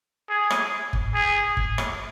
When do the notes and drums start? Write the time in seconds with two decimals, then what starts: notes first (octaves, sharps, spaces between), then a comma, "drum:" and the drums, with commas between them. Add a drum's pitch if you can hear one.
0.29 G#4
0.50 drum: rim click
0.93 drum: kick G1
1.14 G#4
1.57 drum: kick G1
1.78 drum: rim click